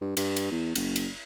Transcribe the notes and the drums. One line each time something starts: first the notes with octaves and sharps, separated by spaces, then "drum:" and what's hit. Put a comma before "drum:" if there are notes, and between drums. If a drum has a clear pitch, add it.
G2
G2, drum: cymbal
drum: cymbal
E2
F#1, drum: cymbal
drum: cymbal